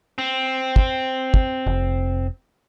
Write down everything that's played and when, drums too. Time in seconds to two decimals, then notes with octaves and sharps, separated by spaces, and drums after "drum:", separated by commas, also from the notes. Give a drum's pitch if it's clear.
0.18 C4
0.76 drum: kick
1.34 drum: kick
1.67 F1